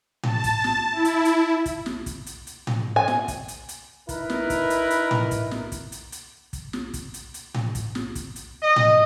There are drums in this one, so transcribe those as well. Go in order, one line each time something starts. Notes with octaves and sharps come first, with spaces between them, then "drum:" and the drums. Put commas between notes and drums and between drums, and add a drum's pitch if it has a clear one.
A5, drum: tom A2
drum: kick, hi-hat
drum: snare
E4
drum: hi-hat
drum: hi-hat
drum: kick, hi-hat
drum: snare
drum: kick, hi-hat
drum: hi-hat
drum: hi-hat
drum: tom A2
G#5
drum: snare
drum: kick, hi-hat
drum: hi-hat
drum: hi-hat
D#4 E4 A#4 B4, drum: kick, hi-hat
drum: snare
drum: kick, hi-hat
drum: hi-hat
drum: hi-hat
drum: tom A2
drum: kick, hi-hat
drum: snare
drum: kick, hi-hat
drum: hi-hat
drum: hi-hat
drum: kick, hi-hat
drum: snare
drum: kick, hi-hat
drum: hi-hat
drum: hi-hat
drum: tom A2
drum: kick, hi-hat
drum: snare
drum: kick, hi-hat
drum: hi-hat
D#5
drum: tom A2